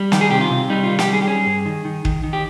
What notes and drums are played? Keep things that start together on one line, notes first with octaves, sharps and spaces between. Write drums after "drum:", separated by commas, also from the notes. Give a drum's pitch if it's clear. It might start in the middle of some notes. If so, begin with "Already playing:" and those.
Already playing: G3
D#3 G4, drum: snare
G#4
C3 G4
F4
C3
G3 D#4
F4
D#3
G4, drum: snare
G3
G#4
G4
C#4 G#4
G2
D#3
D#3
D#3, drum: kick
D#3
G4